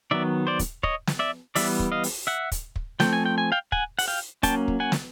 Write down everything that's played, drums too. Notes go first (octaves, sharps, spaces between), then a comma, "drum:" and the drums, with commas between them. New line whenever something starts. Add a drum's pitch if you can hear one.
D#3 F#3 B3 D5 E5
C5 D5
drum: kick, hi-hat
C#5 D#5, drum: kick
drum: snare
D5 E5
E3 G3 B3 D5 E5, drum: open hi-hat
drum: kick
D#5 F5
drum: open hi-hat
E5 F#5
drum: kick, hi-hat
drum: kick
F3 A3 C4 G5, drum: snare
G#5
G5
G#5
F5 G5
F#5 G#5, drum: kick
F#5, drum: open hi-hat
F5 G5
F#3 A#3 C#4 G5 A5, drum: kick, hi-hat
drum: kick
F#5 G#5
drum: snare